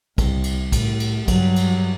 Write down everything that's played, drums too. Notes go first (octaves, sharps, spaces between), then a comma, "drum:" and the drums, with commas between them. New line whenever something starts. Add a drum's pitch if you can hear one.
C2, drum: kick, cymbal
drum: cymbal
A2, drum: kick, cymbal
drum: cymbal
G2 F#3, drum: kick, cymbal
drum: cymbal